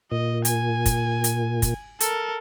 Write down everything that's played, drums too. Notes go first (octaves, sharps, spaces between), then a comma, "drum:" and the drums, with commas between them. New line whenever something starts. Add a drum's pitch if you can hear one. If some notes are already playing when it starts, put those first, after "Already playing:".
A#2 D#5
G#5, drum: hi-hat
drum: kick, hi-hat
drum: hi-hat
drum: kick, hi-hat
A4 A#4, drum: hi-hat